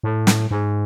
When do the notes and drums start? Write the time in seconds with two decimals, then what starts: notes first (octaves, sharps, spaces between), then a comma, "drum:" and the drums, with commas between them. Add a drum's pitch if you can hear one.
0.03 A2
0.27 drum: snare
0.51 G#2